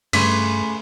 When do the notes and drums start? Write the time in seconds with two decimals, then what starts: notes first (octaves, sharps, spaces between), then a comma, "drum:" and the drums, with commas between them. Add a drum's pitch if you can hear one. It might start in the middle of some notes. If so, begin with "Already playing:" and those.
0.13 G2 C#3 A3 B4 C6 B6, drum: cymbal